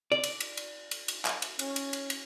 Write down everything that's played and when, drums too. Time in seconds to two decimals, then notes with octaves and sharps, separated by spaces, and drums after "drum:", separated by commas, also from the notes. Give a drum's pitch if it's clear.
0.12 D5
0.24 drum: cymbal
0.40 drum: cymbal
0.57 drum: cymbal
0.91 drum: cymbal
1.08 drum: cymbal
1.25 drum: clap
1.42 drum: cymbal
1.59 C#4, drum: cymbal
1.76 drum: cymbal
1.93 drum: cymbal
2.10 drum: cymbal